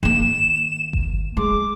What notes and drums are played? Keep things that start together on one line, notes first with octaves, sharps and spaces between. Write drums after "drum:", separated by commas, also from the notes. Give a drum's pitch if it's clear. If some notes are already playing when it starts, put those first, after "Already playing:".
D#3 A#3 E7
drum: kick G1
G#3 D6